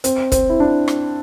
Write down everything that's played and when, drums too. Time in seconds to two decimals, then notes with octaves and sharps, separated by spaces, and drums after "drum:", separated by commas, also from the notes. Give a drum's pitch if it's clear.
0.04 C4, drum: hi-hat
0.32 C4, drum: kick, hi-hat
0.49 E4
0.60 D4
0.88 drum: rim click